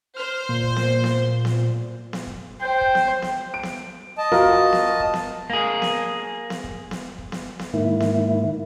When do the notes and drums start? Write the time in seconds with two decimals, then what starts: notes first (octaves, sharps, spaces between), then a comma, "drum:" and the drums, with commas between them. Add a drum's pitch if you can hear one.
0.17 C5 F6
0.49 A#2
0.63 drum: kick
0.76 drum: snare B3
1.04 drum: snare B3
1.45 drum: snare B3
2.13 drum: snare B3
2.27 drum: kick
2.62 C5 G5
2.81 drum: kick
2.95 drum: snare B3
3.22 drum: snare B3
3.54 D7
3.63 drum: snare B3
4.18 D#5 A5
4.32 F4 F#4 A#4, drum: snare B3
4.45 drum: kick
4.73 drum: snare B3
5.00 drum: kick
5.14 drum: snare B3
5.50 A#3 G#4
5.82 drum: snare B3
6.50 drum: snare B3
6.64 drum: kick
6.91 drum: snare B3
7.18 drum: kick
7.32 drum: snare B3
7.59 drum: snare B3
7.74 G#2 D#3 A#3 E4
8.00 drum: snare B3